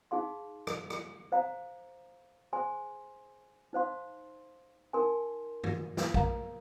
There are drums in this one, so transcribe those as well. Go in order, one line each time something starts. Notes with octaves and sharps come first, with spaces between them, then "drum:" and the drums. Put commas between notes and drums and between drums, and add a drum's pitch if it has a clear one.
D#4 G#4 F5 C6
drum: rim click
drum: rim click
C5 F5 A#5
G#4 C5 G#5 C6
D#4 C5 F5 C6
D#4 A#4 G#5 C6
drum: tom G2
drum: snare
A#4 F5 A#5, drum: kick A#1